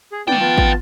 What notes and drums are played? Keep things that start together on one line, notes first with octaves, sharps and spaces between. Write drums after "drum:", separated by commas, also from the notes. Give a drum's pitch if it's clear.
G#4
D#3 B3 D5 G5 D6, drum: tom
B3 F4 A5
drum: kick G#1